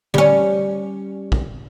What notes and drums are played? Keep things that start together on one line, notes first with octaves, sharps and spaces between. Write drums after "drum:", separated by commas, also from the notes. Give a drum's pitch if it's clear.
G3 C#4, drum: tom D3
drum: kick